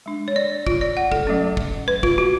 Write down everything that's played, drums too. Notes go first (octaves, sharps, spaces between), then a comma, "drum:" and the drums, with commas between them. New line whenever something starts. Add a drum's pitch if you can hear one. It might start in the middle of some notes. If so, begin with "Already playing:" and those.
G#3 D4
C#5
D5
F4, drum: kick
D5
F#5
A4, drum: kick
F#3 A3 C#4
drum: kick
B4
F4, drum: kick
F#4